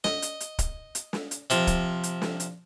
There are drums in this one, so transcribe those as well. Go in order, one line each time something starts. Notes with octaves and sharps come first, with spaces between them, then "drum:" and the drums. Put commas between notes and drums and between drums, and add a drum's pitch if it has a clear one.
D#5, drum: snare
drum: hi-hat
drum: hi-hat
drum: kick, hi-hat
drum: hi-hat
drum: snare
drum: hi-hat
C3 F3, drum: hi-hat
drum: kick, hi-hat
drum: hi-hat
drum: snare
drum: hi-hat